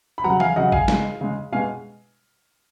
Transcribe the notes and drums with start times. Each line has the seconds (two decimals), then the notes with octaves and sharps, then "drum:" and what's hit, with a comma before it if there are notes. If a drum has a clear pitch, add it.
0.18 B5
0.24 C#3 F#3 F#5 A#5
0.40 F5 G#5, drum: tom E3
0.56 C#3 F#3 D#5 F#5
0.72 F5 G#5, drum: kick A1
0.88 C#3 G#3, drum: snare
1.21 C#3 G#3
1.52 B2 G#3 F5 G#5